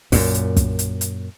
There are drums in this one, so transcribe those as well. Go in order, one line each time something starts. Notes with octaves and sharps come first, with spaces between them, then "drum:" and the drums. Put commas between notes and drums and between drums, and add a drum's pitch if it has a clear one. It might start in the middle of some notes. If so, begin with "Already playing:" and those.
F#2 A#2, drum: kick, open hi-hat
drum: hi-hat
drum: kick, hi-hat
drum: hi-hat
drum: hi-hat